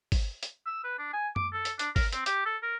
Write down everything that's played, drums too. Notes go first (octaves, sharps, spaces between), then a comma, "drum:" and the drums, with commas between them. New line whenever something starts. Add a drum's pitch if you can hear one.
drum: kick, open hi-hat
drum: hi-hat
E6
B4
D4
G#5
D6, drum: tom F#2
A4
drum: hi-hat
D4, drum: hi-hat
A#4, drum: kick, open hi-hat
C4, drum: hi-hat
G4, drum: hi-hat
A4
A#4